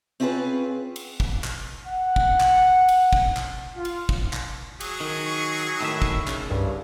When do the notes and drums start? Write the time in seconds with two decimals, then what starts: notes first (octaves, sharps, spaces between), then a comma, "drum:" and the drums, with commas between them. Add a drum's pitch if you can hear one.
0.20 C4 C#4 F4 G4 G#4 B4
0.96 drum: cymbal
1.20 drum: kick
1.44 drum: clap
1.86 F#5
2.16 drum: kick
2.40 drum: clap
2.89 drum: cymbal
3.13 drum: kick
3.37 drum: clap
3.76 F4
3.85 drum: cymbal
4.09 drum: kick
4.33 drum: clap
4.81 F#3 G#4, drum: cymbal
5.00 D#3
5.26 C#6
5.81 A2 D#3 E5
6.02 drum: kick
6.27 C#3, drum: clap
6.50 C2 G2